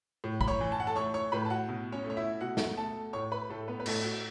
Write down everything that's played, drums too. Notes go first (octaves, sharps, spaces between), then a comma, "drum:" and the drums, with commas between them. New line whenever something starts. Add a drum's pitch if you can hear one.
A2
B5, drum: kick
C#5 C#6
E3
A5
F#5
A4 A5
A3 C#5 C#6
C#5 C#6
A2 B4 B5
A5
F#4 F#5
B2
C#4 C#5
A3
C#5
E4 E5
B2 F#4 F#5
drum: snare
A3 A4 A5
A2 C#5 C#6
B4 B5
A2 A3 A4
B3 B4
B4
A2 A3 A4, drum: cymbal
F#4